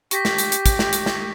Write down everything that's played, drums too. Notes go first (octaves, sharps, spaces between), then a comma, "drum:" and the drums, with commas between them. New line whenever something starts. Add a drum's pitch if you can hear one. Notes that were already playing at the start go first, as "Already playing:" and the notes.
G4 C#6 A#6 B6, drum: hi-hat
drum: snare
drum: hi-hat
drum: hi-hat
drum: kick, hi-hat
drum: snare
drum: hi-hat
drum: snare